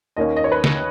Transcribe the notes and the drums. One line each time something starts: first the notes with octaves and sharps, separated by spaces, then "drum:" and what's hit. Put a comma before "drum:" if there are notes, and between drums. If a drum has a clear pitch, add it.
D#2 D#3 A#3 C#4 D#5
D#5
C#5
B4
drum: snare